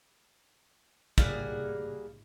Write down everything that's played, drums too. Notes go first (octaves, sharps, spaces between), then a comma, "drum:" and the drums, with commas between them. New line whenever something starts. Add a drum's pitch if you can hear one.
G3 A#3 G#4 F#5, drum: kick